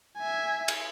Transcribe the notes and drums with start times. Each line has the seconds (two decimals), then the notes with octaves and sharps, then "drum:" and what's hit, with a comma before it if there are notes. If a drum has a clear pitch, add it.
0.18 E5 G#5
0.68 drum: cymbal